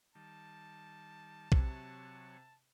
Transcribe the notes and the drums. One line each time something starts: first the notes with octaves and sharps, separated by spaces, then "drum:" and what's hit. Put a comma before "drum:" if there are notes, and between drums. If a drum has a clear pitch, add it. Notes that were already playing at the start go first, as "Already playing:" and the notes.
D#3 G3 A5
C3 F#3 C#5, drum: kick